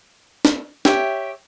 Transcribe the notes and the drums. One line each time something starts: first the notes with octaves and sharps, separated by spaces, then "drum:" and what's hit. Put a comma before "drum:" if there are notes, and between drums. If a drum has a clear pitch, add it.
drum: snare
G4 C#5 E5, drum: snare